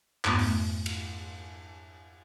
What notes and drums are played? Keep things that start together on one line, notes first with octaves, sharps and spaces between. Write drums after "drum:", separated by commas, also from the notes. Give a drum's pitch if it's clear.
F2 G#2 A3 B3, drum: clap
drum: open hi-hat
drum: cymbal